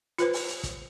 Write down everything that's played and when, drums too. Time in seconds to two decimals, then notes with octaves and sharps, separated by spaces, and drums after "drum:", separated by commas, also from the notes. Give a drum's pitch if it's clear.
0.18 F4 B4 C5, drum: hi-hat
0.33 drum: open hi-hat
0.48 drum: hi-hat
0.63 drum: kick, hi-hat